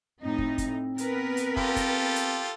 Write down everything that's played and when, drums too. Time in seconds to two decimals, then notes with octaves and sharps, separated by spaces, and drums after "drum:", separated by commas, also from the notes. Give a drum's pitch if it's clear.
0.21 A2 C4 D#4
0.38 drum: kick
0.58 drum: kick, hi-hat
0.98 B3 A#4 B4, drum: hi-hat
1.37 drum: hi-hat
1.57 F4 G4 A4, drum: kick
1.76 drum: kick, hi-hat
2.16 drum: hi-hat